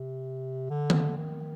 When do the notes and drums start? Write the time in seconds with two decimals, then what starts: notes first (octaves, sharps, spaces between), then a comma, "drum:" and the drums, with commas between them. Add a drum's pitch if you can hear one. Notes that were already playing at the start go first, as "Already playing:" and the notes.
Already playing: C3
0.70 D3
0.90 drum: tom D#3
1.17 D#3